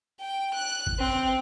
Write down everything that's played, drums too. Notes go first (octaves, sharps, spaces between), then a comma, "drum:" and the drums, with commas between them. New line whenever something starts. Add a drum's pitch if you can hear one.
G5
F#6
drum: kick
C4